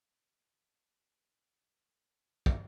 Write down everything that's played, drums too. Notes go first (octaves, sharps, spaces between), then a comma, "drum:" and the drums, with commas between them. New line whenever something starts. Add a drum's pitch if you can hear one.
A4
A#4
A4
G4
B4
A4
G#4
A4
A4
A4
drum: kick